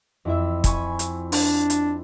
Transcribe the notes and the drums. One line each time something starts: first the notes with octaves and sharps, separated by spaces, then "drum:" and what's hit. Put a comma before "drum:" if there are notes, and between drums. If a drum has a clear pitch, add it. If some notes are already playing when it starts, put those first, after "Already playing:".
F2 E4 E5
G#5 B5 C#6, drum: kick, hi-hat
drum: hi-hat
D4, drum: open hi-hat
drum: hi-hat